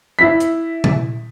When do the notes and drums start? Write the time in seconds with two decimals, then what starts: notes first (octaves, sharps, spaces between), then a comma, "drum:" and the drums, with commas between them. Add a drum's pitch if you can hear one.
0.19 E4 B6
0.40 drum: hi-hat
0.84 drum: tom A#2